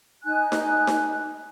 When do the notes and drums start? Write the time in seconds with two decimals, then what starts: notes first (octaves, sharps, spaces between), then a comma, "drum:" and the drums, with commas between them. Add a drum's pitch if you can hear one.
0.24 D#4 G#5 F#6
0.52 drum: snare D#4
0.87 drum: snare D#4